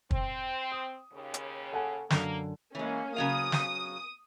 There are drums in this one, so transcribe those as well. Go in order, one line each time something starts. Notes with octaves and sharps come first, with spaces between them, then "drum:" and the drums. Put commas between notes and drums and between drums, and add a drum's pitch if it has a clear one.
C4, drum: kick
D#6
D#2 C#3
drum: hi-hat
A4 F#5 G#5
F#2 D3 A#3, drum: snare
E3 G#3 A#3 C#4
C#3 F#3 F5 D#6
drum: snare